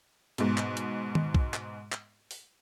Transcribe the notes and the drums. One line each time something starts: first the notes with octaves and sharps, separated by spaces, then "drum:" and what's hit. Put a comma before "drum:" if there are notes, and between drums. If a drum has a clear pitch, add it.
G#2 B2, drum: hi-hat
drum: clap
drum: hi-hat
drum: tom D#3
drum: kick B1
drum: clap
drum: clap
drum: open hi-hat